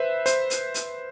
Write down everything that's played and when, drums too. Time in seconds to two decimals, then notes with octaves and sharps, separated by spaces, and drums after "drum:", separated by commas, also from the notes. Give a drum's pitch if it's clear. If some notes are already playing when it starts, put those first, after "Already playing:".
Already playing: B4 C5 E5
0.26 C5, drum: hi-hat
0.50 drum: hi-hat
0.74 drum: hi-hat